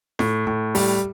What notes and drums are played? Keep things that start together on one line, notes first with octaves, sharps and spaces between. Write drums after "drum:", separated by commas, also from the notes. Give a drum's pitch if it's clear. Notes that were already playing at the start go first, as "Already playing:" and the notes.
A2, drum: snare
A2
G3, drum: open hi-hat